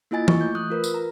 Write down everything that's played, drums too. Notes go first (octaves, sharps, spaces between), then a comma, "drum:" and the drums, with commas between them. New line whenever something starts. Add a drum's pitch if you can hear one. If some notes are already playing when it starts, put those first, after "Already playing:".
A#3 E4 F4 D#5 G#5 A6
C#6, drum: tom E3
A3 G6
D#6 F#6
F4 A#4 B4
drum: tambourine
A#5